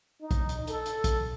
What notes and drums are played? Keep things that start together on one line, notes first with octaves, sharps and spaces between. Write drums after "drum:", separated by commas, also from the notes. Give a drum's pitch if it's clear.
D#4
drum: kick, hi-hat
drum: hi-hat
A4, drum: hi-hat
drum: hi-hat
drum: kick, hi-hat